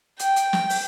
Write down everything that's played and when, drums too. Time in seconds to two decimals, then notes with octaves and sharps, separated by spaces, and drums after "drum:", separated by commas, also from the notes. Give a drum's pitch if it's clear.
0.19 G5, drum: hi-hat
0.36 drum: hi-hat
0.53 drum: snare
0.70 drum: open hi-hat